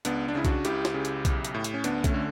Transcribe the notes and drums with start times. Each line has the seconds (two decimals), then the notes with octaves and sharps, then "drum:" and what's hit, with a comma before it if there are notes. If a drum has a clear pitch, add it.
0.05 C#2 B3 D4, drum: hi-hat
0.28 D4
0.35 C#3 E4
0.45 D4 F#4, drum: kick B1, hi-hat
0.65 C#2 E4 G4, drum: hi-hat
0.85 drum: snare
0.94 C#3
1.05 drum: hi-hat
1.25 B1, drum: kick B1, hi-hat
1.45 drum: hi-hat
1.54 A2
1.64 drum: hi-hat
1.74 C#4
1.84 D2 B3 D4, drum: hi-hat
2.04 A3 C#4, drum: kick B1, hi-hat
2.14 D3